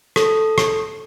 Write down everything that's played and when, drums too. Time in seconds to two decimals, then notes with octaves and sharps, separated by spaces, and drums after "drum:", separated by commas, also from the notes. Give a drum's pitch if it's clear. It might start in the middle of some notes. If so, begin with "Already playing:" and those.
0.16 A4, drum: rim click
0.58 drum: rim click